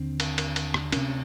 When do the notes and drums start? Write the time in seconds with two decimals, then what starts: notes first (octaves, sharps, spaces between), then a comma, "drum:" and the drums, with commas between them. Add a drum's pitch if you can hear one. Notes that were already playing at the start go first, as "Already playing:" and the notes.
Already playing: D#2 D3 C4
0.20 drum: cymbal
0.38 drum: cymbal
0.56 drum: cymbal
0.74 drum: rim click
0.92 D2 C3 C#4, drum: cymbal